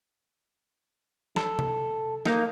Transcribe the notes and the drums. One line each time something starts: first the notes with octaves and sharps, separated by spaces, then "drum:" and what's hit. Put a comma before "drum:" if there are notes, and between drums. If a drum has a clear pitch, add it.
A4, drum: snare
drum: tom C3
A#3 D#4 D#5 F5, drum: snare